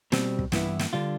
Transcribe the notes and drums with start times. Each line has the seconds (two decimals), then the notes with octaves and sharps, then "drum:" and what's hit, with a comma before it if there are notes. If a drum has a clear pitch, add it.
0.12 B2 G3 C4, drum: snare
0.39 drum: kick
0.52 G2 E3 B3 E4, drum: snare
0.79 drum: snare
0.93 D3 G3 D4 F4